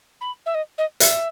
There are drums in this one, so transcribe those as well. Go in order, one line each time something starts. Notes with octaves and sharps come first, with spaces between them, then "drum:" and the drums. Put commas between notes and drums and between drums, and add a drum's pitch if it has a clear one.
B5
E5
D#5
D#5
E5, drum: hi-hat